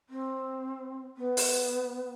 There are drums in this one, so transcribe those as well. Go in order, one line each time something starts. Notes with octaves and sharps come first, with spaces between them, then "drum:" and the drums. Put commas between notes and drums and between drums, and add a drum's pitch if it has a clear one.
C4
B3
drum: open hi-hat